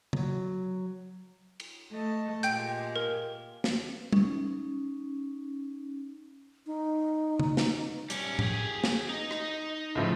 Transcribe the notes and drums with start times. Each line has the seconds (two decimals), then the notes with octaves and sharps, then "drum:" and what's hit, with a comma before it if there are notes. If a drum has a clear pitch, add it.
0.13 F#3, drum: tom
1.60 drum: cymbal
1.93 A3 D#5 A5
2.43 A#2 G#3 G4 G5 G6, drum: hi-hat
2.96 A#4
3.64 drum: snare
4.12 C#4 D#4, drum: tom
6.66 D#4
7.40 drum: tom
7.57 drum: snare
8.10 G3 C#4, drum: hi-hat
8.39 G4 G#4, drum: tom A2
8.84 drum: snare
9.09 D#4 D#5
9.31 drum: rim click
9.95 C#2 A2 F3